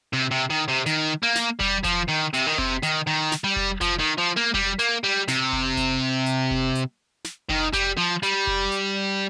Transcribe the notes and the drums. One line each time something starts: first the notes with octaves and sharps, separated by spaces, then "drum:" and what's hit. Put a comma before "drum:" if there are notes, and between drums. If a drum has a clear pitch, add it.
C3
C3
D#3
C3
D#3, drum: hi-hat
A#3
drum: snare
G3, drum: kick F1
F3, drum: kick F1, hi-hat
D#3
C3, drum: hi-hat
D#3
C3, drum: kick F1
D#3, drum: hi-hat
D#3
drum: snare
G3
drum: kick F1
F3, drum: kick F1, hi-hat
D#3
F3
A#3
G3, drum: kick F1
A#3, drum: hi-hat
G3
C3, drum: snare
drum: kick F1
drum: kick F1, hi-hat
drum: hi-hat
drum: kick F1
drum: hi-hat
drum: snare
D#3, drum: kick F1
G3, drum: kick F1, hi-hat
F3
G3, drum: hi-hat
drum: kick F1
drum: hi-hat